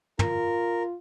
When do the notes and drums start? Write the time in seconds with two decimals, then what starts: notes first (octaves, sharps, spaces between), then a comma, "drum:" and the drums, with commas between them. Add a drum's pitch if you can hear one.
0.19 F4 A#4, drum: tom